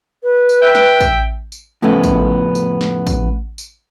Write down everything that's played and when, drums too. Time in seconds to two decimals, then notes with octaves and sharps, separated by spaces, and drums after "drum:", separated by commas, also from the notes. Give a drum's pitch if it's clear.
0.23 B4
0.49 drum: tambourine
0.62 E5 G5
0.75 drum: snare
1.01 drum: kick, tambourine
1.52 drum: tambourine
1.82 F2 A2 C#3 A3 B3
2.04 drum: kick, tambourine
2.55 drum: tambourine
2.81 drum: snare
3.07 drum: kick, tambourine
3.58 drum: tambourine